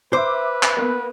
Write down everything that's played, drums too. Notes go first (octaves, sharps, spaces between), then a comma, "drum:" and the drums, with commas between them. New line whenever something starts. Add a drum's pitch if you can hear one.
B4 C5 E5 D6
drum: clap
A#3 B3